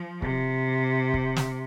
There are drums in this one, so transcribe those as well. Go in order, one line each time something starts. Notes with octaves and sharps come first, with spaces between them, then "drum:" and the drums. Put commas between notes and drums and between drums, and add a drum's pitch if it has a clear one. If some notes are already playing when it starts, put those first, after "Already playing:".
Already playing: F3
C3, drum: kick
drum: kick
drum: snare